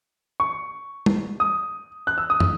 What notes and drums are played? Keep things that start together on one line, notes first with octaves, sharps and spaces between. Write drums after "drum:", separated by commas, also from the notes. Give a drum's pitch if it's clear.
C#6
drum: tom G3
D#6
F#6
E6
D#6
drum: tom